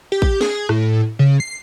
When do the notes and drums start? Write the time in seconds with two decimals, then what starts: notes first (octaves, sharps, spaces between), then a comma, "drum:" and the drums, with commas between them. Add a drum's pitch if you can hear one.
0.12 G4
0.22 drum: kick A1
0.41 G#4, drum: snare
0.69 A2, drum: rim click
1.19 C#3
1.40 C7